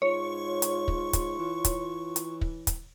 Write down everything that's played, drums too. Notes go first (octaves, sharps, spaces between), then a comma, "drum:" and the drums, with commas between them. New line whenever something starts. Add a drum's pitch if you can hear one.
G#2 F4 C#5 C#6
drum: hi-hat
drum: kick
drum: kick, hi-hat
E3
drum: kick, hi-hat
drum: hi-hat
drum: kick
drum: kick, hi-hat